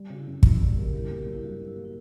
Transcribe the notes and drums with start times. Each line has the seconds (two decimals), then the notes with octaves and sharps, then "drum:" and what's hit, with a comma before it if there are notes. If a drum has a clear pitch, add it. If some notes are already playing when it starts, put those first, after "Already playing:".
Already playing: G3
0.10 C#3 F#4
0.18 E4
0.27 F#2
0.43 G1 E4, drum: kick
0.60 G3 G4
0.77 C#3 A#4
0.88 A#4
0.93 G2 G4
1.10 A#3
1.18 G4
1.26 F#3
1.33 E4
1.43 G2 F#4
1.60 G2
1.68 E4
1.76 A#3
1.85 E4